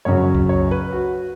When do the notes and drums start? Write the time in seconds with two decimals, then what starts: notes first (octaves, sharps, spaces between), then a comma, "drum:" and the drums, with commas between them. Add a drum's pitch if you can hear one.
0.05 F#2 C#3 F#3 C#5
0.35 drum: kick C2
0.49 C#5
0.71 B4
0.93 F#4